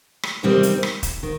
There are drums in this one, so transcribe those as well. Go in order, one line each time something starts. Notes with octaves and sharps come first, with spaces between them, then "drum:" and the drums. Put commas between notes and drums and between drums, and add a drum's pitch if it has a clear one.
drum: rim click
E2 C3 D#3 G3 C4
drum: hi-hat
drum: rim click
drum: kick, hi-hat
D#3